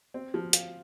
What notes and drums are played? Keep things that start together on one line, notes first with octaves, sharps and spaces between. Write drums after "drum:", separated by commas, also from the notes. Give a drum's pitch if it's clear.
C4
F3
F4, drum: hi-hat